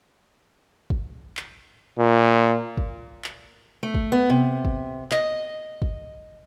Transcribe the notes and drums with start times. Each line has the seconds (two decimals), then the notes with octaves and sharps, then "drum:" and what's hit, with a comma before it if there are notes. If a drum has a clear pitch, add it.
0.90 drum: kick
1.37 drum: clap
1.98 A#2
2.77 drum: kick
3.24 drum: clap
3.83 A3
3.94 drum: kick
4.12 B3
4.30 C3
4.65 drum: kick
5.12 D#5, drum: clap
5.82 drum: kick